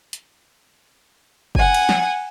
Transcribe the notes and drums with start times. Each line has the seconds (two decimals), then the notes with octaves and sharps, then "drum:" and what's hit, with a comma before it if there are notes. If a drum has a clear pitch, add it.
0.13 drum: hi-hat
1.55 F#5 G#5, drum: kick F#1
1.74 drum: cymbal
1.89 drum: snare